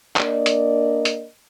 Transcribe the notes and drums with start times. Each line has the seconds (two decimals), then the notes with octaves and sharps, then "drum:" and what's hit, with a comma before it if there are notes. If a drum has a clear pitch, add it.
0.16 A#3 D4 A#4 D5 D#5, drum: clap
0.46 drum: hi-hat
1.05 drum: hi-hat